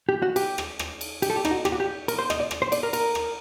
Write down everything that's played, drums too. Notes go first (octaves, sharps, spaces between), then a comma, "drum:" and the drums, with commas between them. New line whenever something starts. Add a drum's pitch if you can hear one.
G4
F#4
G4, drum: cymbal
drum: rim click
drum: rim click
drum: cymbal
G4, drum: cymbal
A4
G4
D#4, drum: rim click
F#4
G4, drum: rim click
F#4
G4
A#4, drum: cymbal
C5
D#5, drum: rim click
D5
drum: rim click
C5
D5, drum: cymbal
A#4
A#4, drum: cymbal
drum: rim click